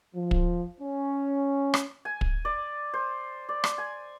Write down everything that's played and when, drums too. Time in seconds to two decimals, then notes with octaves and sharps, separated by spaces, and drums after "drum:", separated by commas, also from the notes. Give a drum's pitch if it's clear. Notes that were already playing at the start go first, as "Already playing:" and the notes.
0.16 F3
0.31 drum: kick
0.81 C#4
1.74 drum: rim click
2.05 G#5
2.21 drum: kick
2.45 D5
2.94 C5
3.49 D5
3.64 drum: rim click
3.78 G#5